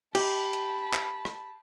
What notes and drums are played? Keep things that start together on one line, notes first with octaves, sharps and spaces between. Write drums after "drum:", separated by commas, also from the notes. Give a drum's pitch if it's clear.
G4 A5 B5, drum: cymbal
drum: hi-hat
drum: clap
drum: rim click